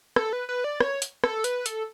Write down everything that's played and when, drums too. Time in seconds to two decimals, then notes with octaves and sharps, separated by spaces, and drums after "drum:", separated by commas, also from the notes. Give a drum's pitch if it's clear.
0.16 A4, drum: rim click
0.33 B4
0.49 B4
0.64 D5
0.80 C#5, drum: rim click
1.02 drum: hi-hat
1.24 A4, drum: rim click
1.44 B4, drum: hi-hat
1.66 A4, drum: hi-hat